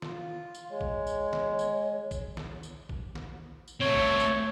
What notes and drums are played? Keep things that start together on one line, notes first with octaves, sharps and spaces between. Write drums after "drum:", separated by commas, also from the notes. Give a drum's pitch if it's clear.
F4, drum: snare
drum: tambourine
G#3 C#5
drum: kick A1
drum: tambourine
drum: snare
drum: tambourine
drum: kick A1, tambourine
drum: snare
drum: tambourine
drum: kick A1
drum: snare
drum: tambourine
A3 C4 C#5
drum: kick A1
drum: tambourine